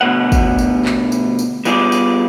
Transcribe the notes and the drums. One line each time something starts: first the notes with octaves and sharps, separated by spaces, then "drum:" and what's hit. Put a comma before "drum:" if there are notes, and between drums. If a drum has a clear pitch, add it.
D2 G#2 B2 B3 F#5
drum: kick, tambourine
drum: tambourine
drum: clap
drum: tambourine
drum: tambourine
G3 B3 F4 G#4 B4 D5, drum: tambourine
drum: tambourine